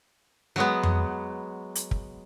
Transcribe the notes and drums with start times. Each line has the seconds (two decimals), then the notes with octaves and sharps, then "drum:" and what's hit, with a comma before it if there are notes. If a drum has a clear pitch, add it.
0.56 F#3 G#3 B3
0.83 drum: tom F2
1.75 drum: hi-hat
1.91 drum: kick